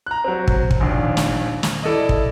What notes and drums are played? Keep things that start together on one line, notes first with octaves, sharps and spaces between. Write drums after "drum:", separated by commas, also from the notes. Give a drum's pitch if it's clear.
A#5 F#6
F#3 C4
drum: kick
drum: kick
A#1 D#2
drum: snare
drum: snare
E4 A4 D5 D#5
drum: kick